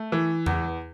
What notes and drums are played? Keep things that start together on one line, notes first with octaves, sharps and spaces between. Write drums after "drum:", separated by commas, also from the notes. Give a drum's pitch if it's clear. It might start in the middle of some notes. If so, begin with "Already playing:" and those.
Already playing: A3
E3
E2, drum: tom E2